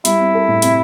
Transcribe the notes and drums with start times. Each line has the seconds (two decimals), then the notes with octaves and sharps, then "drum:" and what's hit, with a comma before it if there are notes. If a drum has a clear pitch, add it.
0.05 G3 E4, drum: hi-hat
0.19 C4
0.34 A4
0.48 A2
0.62 C3, drum: hi-hat